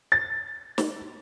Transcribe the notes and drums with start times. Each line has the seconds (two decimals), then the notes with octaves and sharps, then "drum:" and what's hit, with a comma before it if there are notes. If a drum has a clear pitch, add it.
0.12 A6
0.78 drum: snare